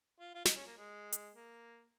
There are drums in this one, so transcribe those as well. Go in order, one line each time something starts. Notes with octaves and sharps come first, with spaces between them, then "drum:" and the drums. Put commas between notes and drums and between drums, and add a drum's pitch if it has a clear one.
F4
F4
D#4, drum: snare
C#4
A#3
G#3
drum: hi-hat
A#3